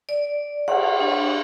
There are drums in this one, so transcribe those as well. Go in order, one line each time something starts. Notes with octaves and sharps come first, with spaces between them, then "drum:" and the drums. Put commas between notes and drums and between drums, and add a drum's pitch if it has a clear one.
D5
F#5, drum: cymbal
D4